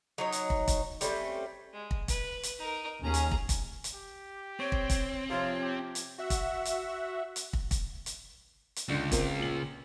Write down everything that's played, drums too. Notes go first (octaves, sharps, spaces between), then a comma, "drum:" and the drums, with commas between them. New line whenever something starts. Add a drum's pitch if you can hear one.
F#3 D#4 C#5
drum: hi-hat
drum: kick
drum: kick, hi-hat
G3 A3 C4 C#4, drum: hi-hat
G#3
drum: kick
B4, drum: kick, hi-hat
drum: hi-hat
D#4 A#4
D#2 C#4 G#4 A#5
drum: hi-hat
drum: kick
drum: kick, hi-hat
drum: hi-hat
G4
C4 C#5 C#6 D7 D#7
drum: kick
drum: kick, hi-hat
C3 F3 F4 C#5
G4
drum: hi-hat
F#4 E5 F#5
drum: kick, hi-hat
drum: hi-hat
drum: hi-hat
drum: kick
drum: kick, hi-hat
drum: hi-hat
drum: hi-hat
C#2 D3
C4 F4 A#4, drum: kick, hi-hat
A#2 F#7